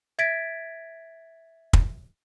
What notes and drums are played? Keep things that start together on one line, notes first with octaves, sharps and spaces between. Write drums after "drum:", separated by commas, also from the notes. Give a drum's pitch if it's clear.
E5 G#6 A6 B6 D7
drum: kick